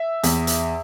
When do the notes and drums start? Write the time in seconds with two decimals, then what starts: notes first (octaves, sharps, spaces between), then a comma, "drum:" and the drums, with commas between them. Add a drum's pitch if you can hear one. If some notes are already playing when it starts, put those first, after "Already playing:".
Already playing: E5
0.23 E2, drum: hi-hat
0.47 drum: hi-hat